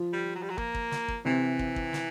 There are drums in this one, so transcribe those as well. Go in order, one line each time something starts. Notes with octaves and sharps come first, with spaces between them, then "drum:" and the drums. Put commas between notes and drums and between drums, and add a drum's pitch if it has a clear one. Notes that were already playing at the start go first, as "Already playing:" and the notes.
Already playing: F3 F4
G3
F#3
G3
F#3
A#3, drum: kick
drum: kick
drum: snare
drum: kick
C3 E3 C4
drum: kick
drum: kick
drum: snare